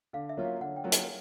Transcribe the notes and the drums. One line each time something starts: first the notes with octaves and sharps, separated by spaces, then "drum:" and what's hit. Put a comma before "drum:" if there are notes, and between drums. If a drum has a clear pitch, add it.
D3 F5
E5
F#3 A#3 C#4 F4
F5
D3 F#5
G5
F#3 A#3 C#4 F4
G#5, drum: hi-hat